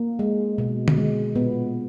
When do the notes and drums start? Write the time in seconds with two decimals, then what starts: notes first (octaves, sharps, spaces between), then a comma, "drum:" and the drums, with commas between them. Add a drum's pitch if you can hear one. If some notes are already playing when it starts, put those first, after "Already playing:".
Already playing: A#3
0.19 G#3
0.58 B2
0.88 drum: tom D3
0.97 G#3
1.35 A#2 B3